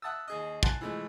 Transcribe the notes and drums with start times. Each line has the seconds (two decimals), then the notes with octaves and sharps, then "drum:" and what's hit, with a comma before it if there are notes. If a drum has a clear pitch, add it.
0.02 E5 F#5 A5 D#6 E6
0.28 D#2 G#4 D#5
0.63 F#5 G#5 A5 C6, drum: kick
0.81 E3 F3 G#3 A3